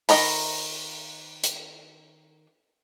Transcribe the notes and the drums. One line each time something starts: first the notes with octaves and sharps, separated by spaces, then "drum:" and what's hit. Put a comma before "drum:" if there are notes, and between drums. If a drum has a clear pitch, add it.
D#3 D#5 A#5 B5, drum: open hi-hat
drum: hi-hat